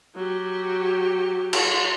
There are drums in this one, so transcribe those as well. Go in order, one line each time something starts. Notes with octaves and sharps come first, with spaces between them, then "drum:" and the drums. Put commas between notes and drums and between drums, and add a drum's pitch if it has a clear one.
F#3 G4
drum: cymbal